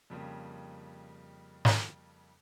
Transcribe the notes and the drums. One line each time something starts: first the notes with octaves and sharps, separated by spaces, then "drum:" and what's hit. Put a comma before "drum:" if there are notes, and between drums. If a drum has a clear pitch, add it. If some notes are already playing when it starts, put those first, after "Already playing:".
F2 C#3 G3 A#3
drum: snare